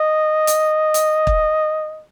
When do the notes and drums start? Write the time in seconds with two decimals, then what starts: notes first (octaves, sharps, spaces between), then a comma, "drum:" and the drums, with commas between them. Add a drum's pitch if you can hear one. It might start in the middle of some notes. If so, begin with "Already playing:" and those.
Already playing: D#5
0.47 drum: hi-hat
0.94 drum: hi-hat
1.27 drum: kick